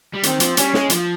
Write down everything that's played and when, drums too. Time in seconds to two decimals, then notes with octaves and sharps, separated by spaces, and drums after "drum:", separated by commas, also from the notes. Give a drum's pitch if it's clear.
0.13 G3
0.23 D#3 C4, drum: hi-hat
0.40 F3, drum: hi-hat
0.57 G3 C#4, drum: hi-hat
0.74 G#3, drum: snare
0.90 F3, drum: hi-hat